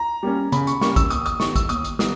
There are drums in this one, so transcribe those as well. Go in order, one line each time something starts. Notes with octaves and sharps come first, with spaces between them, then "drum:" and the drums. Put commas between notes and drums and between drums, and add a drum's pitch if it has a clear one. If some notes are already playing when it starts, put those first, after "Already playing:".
Already playing: A#5
G3 A#3 C#4
C#3 B5, drum: hi-hat
C#6, drum: hi-hat
G3 A#3 C#4 C#6, drum: snare
E6, drum: kick, hi-hat
D#2 D#6, drum: hi-hat
D#6, drum: hi-hat
D#3 G3 B3 D#4 C#6, drum: snare
E6, drum: kick, hi-hat
D#2 D#6, drum: hi-hat
drum: hi-hat
D#3 G3 B3 D#4 D#6, drum: snare